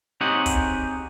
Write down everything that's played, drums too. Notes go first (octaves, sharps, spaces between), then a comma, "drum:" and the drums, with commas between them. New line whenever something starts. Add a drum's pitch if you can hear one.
C4 D#4 G4 G#4 C#5 F#5
drum: kick, hi-hat